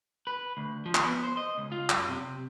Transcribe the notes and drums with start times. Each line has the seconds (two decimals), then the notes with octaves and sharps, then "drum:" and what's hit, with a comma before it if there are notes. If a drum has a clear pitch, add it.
0.27 B4
0.57 D2
0.86 F3
0.95 drum: clap
1.04 B3
1.24 C5
1.37 D#5
1.58 C#2
1.72 F4
1.90 F#2, drum: clap
2.08 C3